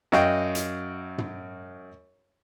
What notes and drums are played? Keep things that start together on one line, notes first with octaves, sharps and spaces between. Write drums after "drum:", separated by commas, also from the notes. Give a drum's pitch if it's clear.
F#2 F#4 D#5 F5 G5, drum: snare
drum: hi-hat
drum: tom